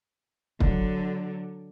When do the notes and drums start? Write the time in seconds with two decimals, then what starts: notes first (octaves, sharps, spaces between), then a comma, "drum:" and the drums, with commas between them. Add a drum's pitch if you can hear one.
0.60 D3 F#3, drum: kick